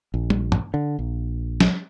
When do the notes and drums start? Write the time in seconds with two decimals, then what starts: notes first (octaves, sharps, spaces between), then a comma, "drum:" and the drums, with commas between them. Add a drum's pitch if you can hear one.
0.14 A#1
0.30 drum: tom
0.52 drum: tom
0.74 D3
0.99 A#1
1.60 drum: snare F#3